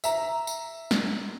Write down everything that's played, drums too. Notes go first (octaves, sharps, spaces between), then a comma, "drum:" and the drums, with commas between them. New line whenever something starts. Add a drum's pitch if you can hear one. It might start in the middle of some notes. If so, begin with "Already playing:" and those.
E5 A#5, drum: tambourine
drum: tambourine
drum: snare